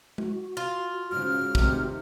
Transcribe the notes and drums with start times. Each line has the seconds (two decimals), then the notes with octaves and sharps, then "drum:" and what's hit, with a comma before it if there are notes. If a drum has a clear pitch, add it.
0.18 F#4, drum: tom G#3
0.57 F4
1.11 G#2 C#3 F6
1.55 F1 C3 D#3, drum: kick